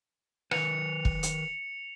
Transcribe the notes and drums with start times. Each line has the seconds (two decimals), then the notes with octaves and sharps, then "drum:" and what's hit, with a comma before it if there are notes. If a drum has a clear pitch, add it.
0.51 D#3 B4 C#7 F7, drum: rim click
1.05 drum: kick
1.23 drum: hi-hat